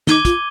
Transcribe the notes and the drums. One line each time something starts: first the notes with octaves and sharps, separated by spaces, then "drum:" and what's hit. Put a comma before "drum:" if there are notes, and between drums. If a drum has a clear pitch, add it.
D#4 D6 G#6 D#7 G7, drum: snare
F4, drum: kick, hi-hat